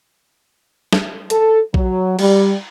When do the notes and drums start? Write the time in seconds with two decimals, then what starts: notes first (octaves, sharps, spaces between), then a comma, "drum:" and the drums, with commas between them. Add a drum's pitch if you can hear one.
0.93 drum: snare
1.30 A4, drum: hi-hat
1.74 F#3, drum: kick A#1
2.19 G3, drum: cymbal